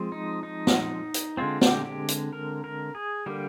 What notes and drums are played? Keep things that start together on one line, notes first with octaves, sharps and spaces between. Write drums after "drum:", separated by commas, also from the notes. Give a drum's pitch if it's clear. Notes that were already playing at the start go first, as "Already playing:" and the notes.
Already playing: F3 G#3 C4
D#4
D#4
drum: snare
drum: hi-hat
D3 G#3 C4 F4
G4, drum: snare
G4
drum: hi-hat
A#4
A#4
G#4
D3 G3 A#3 G4